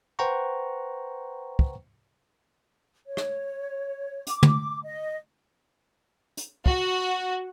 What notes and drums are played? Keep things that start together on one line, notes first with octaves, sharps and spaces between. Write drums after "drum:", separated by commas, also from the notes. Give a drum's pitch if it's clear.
B4 C5 F#5 G5 A#5 C#6
drum: kick
C#5
drum: rim click
D6, drum: hi-hat
drum: tom
D#5
drum: hi-hat
F#4, drum: kick